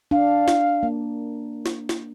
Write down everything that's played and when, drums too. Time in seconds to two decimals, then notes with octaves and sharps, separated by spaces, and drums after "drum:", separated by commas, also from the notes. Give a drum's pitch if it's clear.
0.11 D4 F5
0.48 D4, drum: snare
0.83 A#3
1.66 drum: snare
1.89 drum: snare